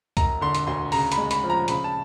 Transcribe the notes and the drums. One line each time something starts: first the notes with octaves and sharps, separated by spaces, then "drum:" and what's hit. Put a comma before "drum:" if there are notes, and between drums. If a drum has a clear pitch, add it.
E1 A#5, drum: kick, hi-hat
D3 C6
drum: hi-hat
D2 C6
C#3 A#5, drum: open hi-hat
B5, drum: hi-hat
G#3
B5, drum: hi-hat
F3
A#5
C#3 B5, drum: hi-hat
A5